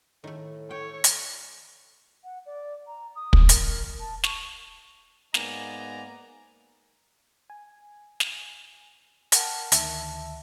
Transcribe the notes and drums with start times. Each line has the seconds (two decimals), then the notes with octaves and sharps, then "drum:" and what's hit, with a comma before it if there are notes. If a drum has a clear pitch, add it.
0.24 A2 D#3 A3
0.71 A4 C#5 G5
1.04 drum: hi-hat
2.24 F#5
2.46 D5
2.87 A#5
3.16 D#6
3.33 drum: kick
3.49 A#4, drum: hi-hat
4.00 A5
4.24 C#6, drum: snare
5.34 G#2 A#3 B3 D5 G#5 A#5, drum: snare
7.50 G#5
8.20 drum: snare
9.32 A#4 F#5 G5 A5, drum: hi-hat
9.72 D2 D#3 E5 A5, drum: hi-hat